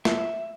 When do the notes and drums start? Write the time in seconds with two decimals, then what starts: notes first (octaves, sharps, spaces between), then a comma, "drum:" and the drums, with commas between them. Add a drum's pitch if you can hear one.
0.05 E5, drum: snare